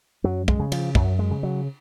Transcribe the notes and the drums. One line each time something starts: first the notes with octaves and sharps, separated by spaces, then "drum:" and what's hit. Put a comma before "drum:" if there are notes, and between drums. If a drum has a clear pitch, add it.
F#2 F#3
G#3, drum: kick
C#3
F3, drum: cymbal
F#2 F#3, drum: kick
G#3
C#3
F#3